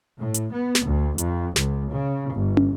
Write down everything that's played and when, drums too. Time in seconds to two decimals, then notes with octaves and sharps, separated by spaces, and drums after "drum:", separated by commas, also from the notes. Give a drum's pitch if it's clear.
0.20 A2
0.34 drum: hi-hat
0.54 B3
0.75 drum: snare
0.86 D2
1.18 F2, drum: hi-hat
1.56 C#2, drum: snare
1.93 C#3
2.31 G1
2.57 drum: tom